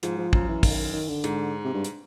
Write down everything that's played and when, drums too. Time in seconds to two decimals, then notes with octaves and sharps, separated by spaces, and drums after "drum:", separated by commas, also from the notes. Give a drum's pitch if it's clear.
0.03 G#2 F3, drum: hi-hat
0.19 F3
0.33 F#2 F3, drum: kick
0.49 E3
0.63 D#3, drum: kick, open hi-hat
0.93 D#3
1.08 D3
1.24 G#2, drum: hi-hat
1.65 C3
1.74 G2
1.84 drum: hi-hat